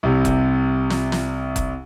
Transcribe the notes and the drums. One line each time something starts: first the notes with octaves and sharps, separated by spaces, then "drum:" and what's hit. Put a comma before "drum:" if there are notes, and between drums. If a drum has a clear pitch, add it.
C2 C3
drum: kick F1, hi-hat
drum: snare
drum: snare
drum: kick F1, hi-hat